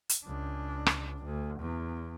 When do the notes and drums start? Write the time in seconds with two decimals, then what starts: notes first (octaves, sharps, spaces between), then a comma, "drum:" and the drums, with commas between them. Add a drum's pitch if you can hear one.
0.09 drum: hi-hat
0.25 C#2 D4
0.86 drum: rim click
1.25 D2
1.60 E2